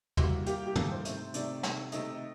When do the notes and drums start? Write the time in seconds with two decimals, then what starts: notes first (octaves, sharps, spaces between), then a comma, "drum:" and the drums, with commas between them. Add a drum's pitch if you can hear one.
0.17 A2 G3 A#3 F#4, drum: tom E2
0.46 A2 G3 A#3 G4, drum: hi-hat
0.67 G4
0.76 A2 G3 A#3 A4, drum: tom
0.91 C5
1.05 C3 D#3 A3, drum: hi-hat
1.34 C3 D#3 A3 D5, drum: hi-hat
1.63 C3 D#3 A3, drum: snare
1.92 C3 D#3 A3 D#5, drum: hi-hat